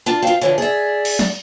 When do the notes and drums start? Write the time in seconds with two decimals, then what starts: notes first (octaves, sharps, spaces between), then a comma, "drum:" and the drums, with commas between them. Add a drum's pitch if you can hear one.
0.06 D4 F4 A5
0.22 C4 F4 F5
0.41 D3 E3 F3 C#5
0.58 G#4 D5 E5
1.05 drum: cymbal
1.19 drum: snare